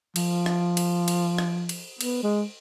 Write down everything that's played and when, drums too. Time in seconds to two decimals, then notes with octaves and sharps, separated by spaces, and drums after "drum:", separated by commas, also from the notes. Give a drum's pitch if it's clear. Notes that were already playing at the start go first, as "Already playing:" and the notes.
0.16 F3, drum: cymbal
0.46 drum: rim click
0.77 drum: cymbal
1.08 drum: cymbal
1.39 drum: rim click
1.69 drum: cymbal
2.01 B3, drum: cymbal
2.23 G#3